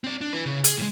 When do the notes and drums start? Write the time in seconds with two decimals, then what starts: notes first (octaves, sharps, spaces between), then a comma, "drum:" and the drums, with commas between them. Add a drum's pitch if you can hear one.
0.04 C4 D5
0.21 D4
0.33 E4 B4
0.46 C#3
0.64 G#4, drum: hi-hat
0.78 A2 G#3